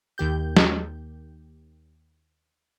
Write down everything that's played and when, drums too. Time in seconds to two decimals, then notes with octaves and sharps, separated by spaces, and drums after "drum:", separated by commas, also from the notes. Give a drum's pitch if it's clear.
0.18 D#2 D#3 G4 G6
0.57 drum: snare